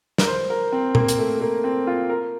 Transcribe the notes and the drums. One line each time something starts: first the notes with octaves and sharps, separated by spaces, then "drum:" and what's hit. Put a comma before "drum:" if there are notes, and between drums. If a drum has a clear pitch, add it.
A#4, drum: snare
C5
A#4
C4
A#3, drum: tom A#2
drum: hi-hat
A3
A#3
C4
F4
A#4